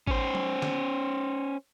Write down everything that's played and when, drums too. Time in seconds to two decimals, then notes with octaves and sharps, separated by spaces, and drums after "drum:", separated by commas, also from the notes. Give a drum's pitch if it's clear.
0.07 C#4 C5, drum: kick G#1
0.35 drum: tom F#3
0.62 drum: snare